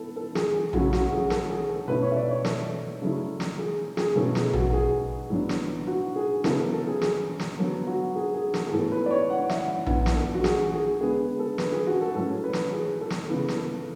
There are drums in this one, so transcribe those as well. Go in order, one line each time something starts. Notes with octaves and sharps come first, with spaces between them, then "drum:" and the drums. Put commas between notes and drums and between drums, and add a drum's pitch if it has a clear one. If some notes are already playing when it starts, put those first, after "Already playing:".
Already playing: E3 B3 A4
A4
G#4, drum: snare
G#4
C#3 F#3 A3 C#4 E4 F#4, drum: tom A#1
F#4, drum: snare
G#4
A4, drum: snare
G#4
A4
B2 A3 C#4 E4 B4
C#5
E5
D5
C#5
A4, drum: snare
C#3 F#3 A3 E4
drum: snare
G#4
G#4, drum: snare
B2 F#3 A3 C#4 E4 A4
G#4, drum: snare
F#4, drum: tom A#1
G#4
A2 F#3 B3 D4
drum: snare
F#4
G#4
C#3 F#3 B3 E4 A4, drum: snare
A4
A4
G#4
G#4, drum: snare
drum: snare
D3 F#3 B3 A4
F#4
G#4
G#4
A4, drum: snare
G#4
A2 E3 B3 A4
B4
D5
C#5
F#5
E5, drum: snare
F#5
E3 B3 D4 F#5, drum: tom A#1
drum: snare
A4
F#4
G#4, drum: snare
G#4
D3 G#3 B3 G#4
A4
B4, drum: snare
G#4
F#4
A4
A2 F#3 C#4 A4
B4
drum: snare
G#4
A4
drum: snare
C#3 E3 B3 B4
drum: snare
A4